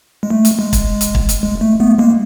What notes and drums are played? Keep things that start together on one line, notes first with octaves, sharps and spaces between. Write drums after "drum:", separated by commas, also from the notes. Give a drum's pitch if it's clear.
G#3
A3
drum: hi-hat
G#3
drum: kick, hi-hat
drum: hi-hat
drum: kick
drum: hi-hat
G#3
A3
A3 B3
G#3 A#3